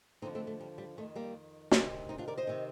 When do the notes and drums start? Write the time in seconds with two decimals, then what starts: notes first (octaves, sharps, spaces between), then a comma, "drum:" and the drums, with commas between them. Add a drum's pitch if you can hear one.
0.22 D#2 D3 F3 C4 D#4
0.35 A3 C4
0.47 A3
0.60 G3
0.78 G3
0.97 F2 D#3 A3
1.16 G3 A#3
1.71 D2 C3 D#3 A#3 D4, drum: snare
2.09 C4 D#4
2.18 D4 F4
2.28 A#4 D5
2.38 C5 D#5
2.47 C3 D#3